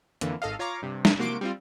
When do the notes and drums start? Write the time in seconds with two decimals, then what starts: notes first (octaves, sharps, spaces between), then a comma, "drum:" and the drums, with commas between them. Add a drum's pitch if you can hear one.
0.21 F2 D3 E3 A#3, drum: hi-hat
0.42 G#1 A4 D#5 F5
0.59 F4 C#5 F5 A#5 D6
0.82 G2 C3
1.05 drum: snare
1.19 C3 A#3 F#4 C6 D6 D7
1.41 G3 C4 F4